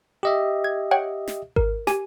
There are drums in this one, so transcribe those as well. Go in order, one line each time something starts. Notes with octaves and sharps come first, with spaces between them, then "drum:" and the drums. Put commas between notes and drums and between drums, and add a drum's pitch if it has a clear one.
G4 D#5 E5
G#6
C#5 F#5 G5
drum: snare
A#4, drum: kick G#1
G4 G#5, drum: snare